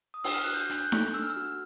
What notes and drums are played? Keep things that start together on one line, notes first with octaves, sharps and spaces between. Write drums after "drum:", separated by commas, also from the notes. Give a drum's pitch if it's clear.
D#6
D4 E6, drum: open hi-hat
F6
F#4 F#6
G6
D4, drum: hi-hat
G6
F#6
A4, drum: snare D#4
D4 E6
F6
E6
F#4